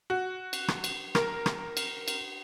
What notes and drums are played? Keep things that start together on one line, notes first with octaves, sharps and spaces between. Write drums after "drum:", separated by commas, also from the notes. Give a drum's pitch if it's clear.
F#4
drum: cymbal
drum: rim click
drum: cymbal
A#4, drum: rim click
drum: rim click
drum: cymbal
drum: cymbal